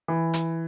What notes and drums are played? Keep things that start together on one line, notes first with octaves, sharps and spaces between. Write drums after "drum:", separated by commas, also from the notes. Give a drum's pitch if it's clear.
E3
drum: hi-hat